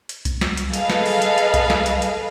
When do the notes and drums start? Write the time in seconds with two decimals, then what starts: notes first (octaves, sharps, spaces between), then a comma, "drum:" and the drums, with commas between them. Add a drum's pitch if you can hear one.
0.09 drum: hi-hat
0.25 drum: kick C2, hi-hat
0.41 drum: snare
0.57 drum: hi-hat
0.74 G#4 A4 B4 D#5 F5, drum: hi-hat
0.90 drum: snare
1.06 drum: open hi-hat
1.22 drum: hi-hat
1.38 drum: hi-hat
1.54 drum: kick C2, hi-hat
1.70 drum: snare
1.86 drum: hi-hat
2.02 drum: hi-hat